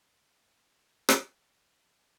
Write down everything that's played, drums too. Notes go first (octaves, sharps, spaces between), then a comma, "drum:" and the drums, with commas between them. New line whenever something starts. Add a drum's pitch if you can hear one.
C3 A#3
drum: rim click
A#1 B2 G#3 F#5